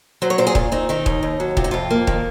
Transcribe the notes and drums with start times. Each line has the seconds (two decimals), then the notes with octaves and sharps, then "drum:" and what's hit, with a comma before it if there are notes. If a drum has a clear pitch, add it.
0.22 F#3 C5
0.30 C#5
0.38 A#2 C5
0.47 G#4
0.55 A#2 F4, drum: kick D#1
0.72 C4 D#4
0.89 D#3 D#4
1.06 D#2, drum: kick D#1
1.23 D#2
1.40 F#3
1.57 C3 F4, drum: kick D#1
1.64 D#4
1.71 F2 F4
1.91 A#3
2.07 D#3, drum: kick D#1